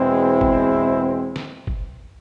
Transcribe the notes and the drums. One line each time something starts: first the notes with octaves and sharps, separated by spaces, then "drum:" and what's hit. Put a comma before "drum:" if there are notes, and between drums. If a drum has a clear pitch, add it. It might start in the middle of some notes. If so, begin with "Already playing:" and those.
Already playing: E2 B2 G#3 C4 E4
drum: kick
drum: snare
drum: kick